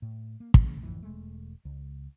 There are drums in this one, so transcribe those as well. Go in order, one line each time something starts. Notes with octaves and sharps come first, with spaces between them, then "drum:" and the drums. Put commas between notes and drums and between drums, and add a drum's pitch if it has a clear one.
A2
A#3
A#1 C#3, drum: kick
G#1 F2 E3
E1 G#3 A3
C#2